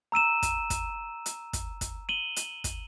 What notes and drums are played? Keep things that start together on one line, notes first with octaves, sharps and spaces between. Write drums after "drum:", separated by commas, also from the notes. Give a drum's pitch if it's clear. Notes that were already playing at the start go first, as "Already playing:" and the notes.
A#5 E6 D#7 E7
drum: kick, hi-hat
drum: kick, hi-hat
drum: hi-hat
drum: kick, hi-hat
drum: kick, hi-hat
D#7 E7 F#7 G7
drum: hi-hat
drum: kick, hi-hat